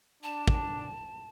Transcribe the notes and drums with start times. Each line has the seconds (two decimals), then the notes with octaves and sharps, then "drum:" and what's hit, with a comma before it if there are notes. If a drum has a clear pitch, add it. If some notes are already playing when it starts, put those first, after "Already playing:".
0.23 D4 A5
0.48 drum: kick